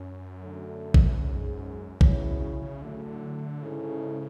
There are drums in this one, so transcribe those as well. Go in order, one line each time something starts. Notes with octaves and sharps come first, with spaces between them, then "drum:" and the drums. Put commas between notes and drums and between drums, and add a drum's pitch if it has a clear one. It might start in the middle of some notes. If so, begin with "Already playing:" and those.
Already playing: F#2 C#4
D3 F#3 A3 D4 A4
drum: kick A#1
G#2 G#3 C#4 G#4
E2 F#3 C#4 E4 G#4 C#5, drum: kick A#1
B2
C#3
C#3
A2 D3 F#3 A3
C#3
D3
G#2 C#3 G#3 C#4 E4 A4